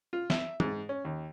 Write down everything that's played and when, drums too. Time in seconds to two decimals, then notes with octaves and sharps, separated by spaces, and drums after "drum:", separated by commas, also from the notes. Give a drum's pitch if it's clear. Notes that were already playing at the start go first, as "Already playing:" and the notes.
0.13 F4
0.30 E5, drum: snare
0.60 G#2, drum: tom
0.89 C#4
1.05 D#2